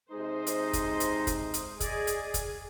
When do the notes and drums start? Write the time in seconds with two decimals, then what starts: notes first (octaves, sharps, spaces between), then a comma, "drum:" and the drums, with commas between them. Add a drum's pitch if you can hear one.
0.12 C3 G#3 D#4 C5
0.47 drum: hi-hat
0.73 drum: kick, hi-hat
1.00 drum: hi-hat
1.27 drum: kick, hi-hat
1.54 drum: hi-hat
1.80 G#4 D5 D#5, drum: kick, hi-hat
2.07 drum: hi-hat
2.34 drum: kick, hi-hat